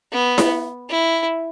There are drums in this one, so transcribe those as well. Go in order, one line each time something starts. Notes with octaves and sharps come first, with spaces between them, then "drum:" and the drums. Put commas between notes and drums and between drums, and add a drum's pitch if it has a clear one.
B3
drum: snare E4
E4